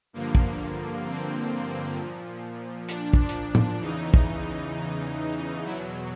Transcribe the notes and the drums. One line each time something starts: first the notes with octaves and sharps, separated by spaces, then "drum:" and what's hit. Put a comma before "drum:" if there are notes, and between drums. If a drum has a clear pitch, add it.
G2 D3 F3 A#3
drum: kick
C4
A#2 F3
D4, drum: hi-hat
drum: kick
drum: hi-hat
drum: tom A2
E2 C#3 E3 D#4
drum: kick
E2 B2 F#3 E4